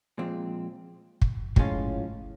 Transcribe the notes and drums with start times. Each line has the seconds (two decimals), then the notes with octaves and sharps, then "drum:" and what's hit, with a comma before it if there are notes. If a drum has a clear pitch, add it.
0.18 A#2 F3 G#3 C4
1.22 drum: kick
1.56 A2 F3 G#3 C#4 F4, drum: kick